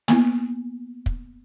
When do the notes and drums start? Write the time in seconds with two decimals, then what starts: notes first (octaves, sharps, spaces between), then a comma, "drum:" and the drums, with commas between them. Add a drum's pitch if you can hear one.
0.08 A#3 B3 E4, drum: snare
1.06 drum: kick